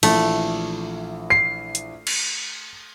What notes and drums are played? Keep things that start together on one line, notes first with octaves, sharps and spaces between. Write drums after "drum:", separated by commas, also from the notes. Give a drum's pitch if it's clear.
A#1 E3 A3, drum: cymbal
C7
drum: hi-hat
drum: cymbal